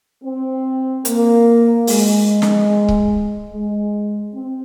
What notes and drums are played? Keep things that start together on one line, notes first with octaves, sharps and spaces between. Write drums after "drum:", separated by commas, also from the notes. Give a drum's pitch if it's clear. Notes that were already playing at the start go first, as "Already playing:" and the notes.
C4
A#3, drum: hi-hat
G#3, drum: open hi-hat
drum: snare
drum: kick C#1
G#3
C4